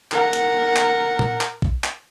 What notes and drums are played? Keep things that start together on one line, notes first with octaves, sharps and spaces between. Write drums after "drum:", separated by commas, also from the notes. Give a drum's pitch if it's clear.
A#4 F#5, drum: clap
drum: hi-hat
drum: clap
drum: tom A#2
drum: clap
drum: kick
drum: clap